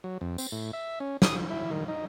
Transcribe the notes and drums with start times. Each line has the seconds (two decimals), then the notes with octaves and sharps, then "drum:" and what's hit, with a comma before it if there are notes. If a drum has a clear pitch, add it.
0.04 F#3
0.21 F2
0.38 C4, drum: tambourine
0.52 A2
0.73 E5
1.00 C#4
1.22 D#6, drum: snare
1.35 F3
1.50 E4
1.71 D#3
1.88 D#4